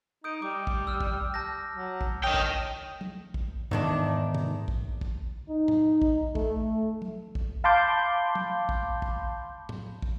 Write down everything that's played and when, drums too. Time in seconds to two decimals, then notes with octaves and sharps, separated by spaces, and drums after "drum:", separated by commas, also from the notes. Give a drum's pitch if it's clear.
0.24 D#4 D#6 G6 D7
0.42 G3 D6
0.67 drum: kick
0.87 E6 F6
1.01 drum: kick
1.34 A5 G6 A#6
1.74 F#3
2.01 drum: kick
2.24 C#5 D#5 G5 D#6 F6 F7
2.34 drum: kick
3.01 drum: tom
3.34 drum: kick
3.71 E2 G#2 D#3 D4
4.35 drum: tom
4.68 drum: kick
5.01 drum: kick
5.49 D#4
5.68 drum: tom
6.02 drum: kick
6.35 A3, drum: kick
7.02 drum: tom
7.35 drum: kick
7.64 F5 A5 B5 C6 D6 G6
8.35 drum: tom
8.69 drum: kick
9.02 drum: kick
9.69 drum: tom
10.02 drum: kick